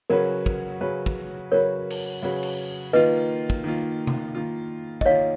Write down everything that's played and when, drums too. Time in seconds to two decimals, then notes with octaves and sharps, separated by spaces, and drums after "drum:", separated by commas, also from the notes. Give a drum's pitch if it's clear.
0.10 C#3 F#3 C#4 F#4 A#4 B4
0.46 drum: kick
0.81 C#3 F#3 C#4 F#4 B4
1.06 drum: kick
1.51 C#3 F#3 C#4 F#4 A#4 B4 C#5
1.90 drum: cymbal
2.22 C#3 F#3 C#4 F#4 B4
2.43 drum: cymbal
2.93 D#3 A#3 F4 B4 D#5
3.50 drum: kick
3.64 D#3 A#3 F4
4.07 drum: tom C3
4.35 D#3 A#3 F4
5.01 D#5, drum: kick
5.06 D#3 A#3 F4 C#5 F5